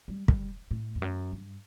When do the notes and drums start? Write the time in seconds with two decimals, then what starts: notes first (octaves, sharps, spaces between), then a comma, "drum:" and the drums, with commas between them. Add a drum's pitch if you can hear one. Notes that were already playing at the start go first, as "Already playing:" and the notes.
0.08 G3
0.28 G3, drum: kick
0.71 A2
0.95 E2
1.02 F#2
1.33 G2